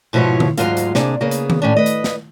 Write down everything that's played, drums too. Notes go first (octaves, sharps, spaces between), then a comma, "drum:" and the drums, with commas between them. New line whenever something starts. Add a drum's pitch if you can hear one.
G#2 B2 F3 E4 F4 C#5
drum: tom D3
D2 G#2 F#3 G#3 F4 F5, drum: hi-hat
drum: hi-hat
C3 A#3 D4 G#4, drum: snare
C#3 A#3 B3 G#4
drum: hi-hat
drum: tom D#3
A2 C#4 D4
B4 D#5
drum: hi-hat
drum: snare